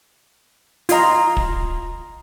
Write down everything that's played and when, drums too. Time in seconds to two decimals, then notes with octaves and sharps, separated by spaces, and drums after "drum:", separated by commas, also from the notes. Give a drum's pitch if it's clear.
0.89 F4 D#5 A#5, drum: hi-hat
1.37 drum: kick